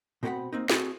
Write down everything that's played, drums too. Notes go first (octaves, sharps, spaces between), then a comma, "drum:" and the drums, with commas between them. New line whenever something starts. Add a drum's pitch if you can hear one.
B2 C4 A#4 C5 F#5 B5
A#3 C4 D#4
C4 F#4 G#4 A4, drum: snare